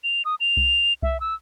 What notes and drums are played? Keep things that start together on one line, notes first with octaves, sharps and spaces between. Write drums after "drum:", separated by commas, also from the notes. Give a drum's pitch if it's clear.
F7
D#6
F7
drum: kick C2
E5, drum: kick C2
E6